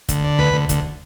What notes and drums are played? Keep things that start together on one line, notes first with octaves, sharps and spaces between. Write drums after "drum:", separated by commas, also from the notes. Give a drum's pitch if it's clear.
D2, drum: kick, hi-hat
D3
D2 B4
D2
D2, drum: kick, hi-hat